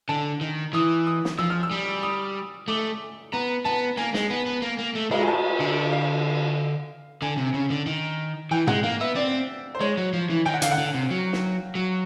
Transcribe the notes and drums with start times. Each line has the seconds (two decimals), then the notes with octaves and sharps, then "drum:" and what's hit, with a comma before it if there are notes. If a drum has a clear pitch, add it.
0.09 D3 A5
0.41 D#3
0.73 E3 D#6
1.07 D#6
1.25 drum: snare
1.38 F3 E6
1.50 F6
1.63 E6
1.71 G3
2.03 D#6
2.68 A3 D6
3.33 B3 A#5
3.65 B3 A5
3.97 A#3 G#5
4.14 G#3, drum: snare
4.30 B3
4.46 B3
4.62 A#3
4.79 A#3
4.95 A3
5.11 G#3, drum: cymbal
5.22 G#5
5.27 A5
5.60 D3
5.92 F5
7.22 D3 G#5
7.38 C3
7.54 C#3
7.70 D3
7.86 D#3
8.51 E3 G5
8.67 G#3 F#5, drum: tom
8.83 A#3 F5
9.00 B3 E5
9.16 C4 D5
9.75 C5
9.80 G#3 C#5
9.98 F#3
10.13 F3
10.30 E3
10.46 D#3 G5
10.54 F#5
10.62 D3 F5, drum: hi-hat
10.71 F#5
10.78 D3
10.94 C3
11.11 F#3
11.33 drum: snare
11.75 F#3